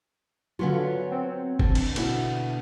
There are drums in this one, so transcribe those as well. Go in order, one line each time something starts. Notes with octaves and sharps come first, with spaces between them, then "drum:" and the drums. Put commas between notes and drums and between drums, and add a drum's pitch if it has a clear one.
D3 F#3 B3 C#4 F4
C4
D3, drum: kick
drum: cymbal
B2 D3 E4, drum: cymbal